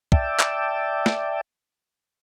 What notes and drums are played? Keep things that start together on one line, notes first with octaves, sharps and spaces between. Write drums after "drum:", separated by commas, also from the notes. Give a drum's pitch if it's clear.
D5 E5 G5 A5 D6 E6, drum: kick
drum: clap
drum: snare